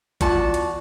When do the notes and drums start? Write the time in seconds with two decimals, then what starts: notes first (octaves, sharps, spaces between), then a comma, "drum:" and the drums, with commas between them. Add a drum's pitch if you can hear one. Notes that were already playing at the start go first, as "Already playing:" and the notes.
0.21 E2 F4 F#4 D5 A5, drum: kick A1, hi-hat
0.54 drum: hi-hat